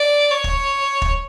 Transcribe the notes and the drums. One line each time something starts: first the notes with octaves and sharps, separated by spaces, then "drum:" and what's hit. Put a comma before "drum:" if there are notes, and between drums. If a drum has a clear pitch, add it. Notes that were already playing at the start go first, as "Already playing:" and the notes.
Already playing: D5
C#5
drum: kick
drum: kick